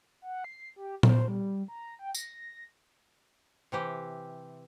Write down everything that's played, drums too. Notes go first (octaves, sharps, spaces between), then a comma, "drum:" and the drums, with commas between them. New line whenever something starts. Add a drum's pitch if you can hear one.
F#5
C7
G4
C5, drum: tom A#2
G3
A#5
G5
A#6, drum: tambourine
C3 E3 G4